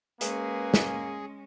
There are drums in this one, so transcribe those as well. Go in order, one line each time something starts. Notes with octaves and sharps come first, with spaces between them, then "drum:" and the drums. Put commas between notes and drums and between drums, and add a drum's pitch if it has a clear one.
G#3 A#3 C#4 G#4 B4, drum: hi-hat
drum: snare